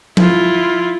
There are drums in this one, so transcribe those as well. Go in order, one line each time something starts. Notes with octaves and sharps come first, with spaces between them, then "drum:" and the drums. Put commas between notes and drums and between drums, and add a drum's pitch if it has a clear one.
E4 F4, drum: tom F3